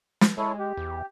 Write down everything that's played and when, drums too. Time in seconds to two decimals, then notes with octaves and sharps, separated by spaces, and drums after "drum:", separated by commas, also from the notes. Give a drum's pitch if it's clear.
0.21 drum: snare
0.38 G#3 E4 A4 C#5
0.59 G4
0.77 E2